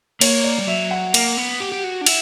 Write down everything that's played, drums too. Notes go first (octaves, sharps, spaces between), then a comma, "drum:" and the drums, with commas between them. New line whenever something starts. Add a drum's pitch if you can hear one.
A#3 C#5, drum: cymbal
D5
G3
F#3 E5
F#5
A#3, drum: cymbal
B3
G4
G4
F#4
D4
E4, drum: cymbal